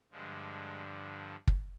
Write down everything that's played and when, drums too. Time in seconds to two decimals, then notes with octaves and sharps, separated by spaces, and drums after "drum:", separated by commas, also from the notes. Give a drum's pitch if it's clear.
0.11 G2 D3 F3 G#3
1.47 drum: kick